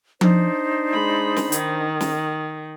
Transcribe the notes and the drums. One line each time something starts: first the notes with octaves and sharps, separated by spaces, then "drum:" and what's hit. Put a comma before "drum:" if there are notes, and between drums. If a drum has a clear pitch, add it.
D4 D#4 C5, drum: tom F3
G#3 B5
drum: snare
D#3, drum: hi-hat
drum: snare